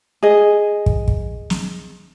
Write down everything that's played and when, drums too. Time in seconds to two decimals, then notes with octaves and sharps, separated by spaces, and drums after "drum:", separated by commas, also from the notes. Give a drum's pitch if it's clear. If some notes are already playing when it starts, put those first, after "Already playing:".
0.23 G#4 D#5
0.86 drum: kick
1.08 drum: kick
1.50 drum: snare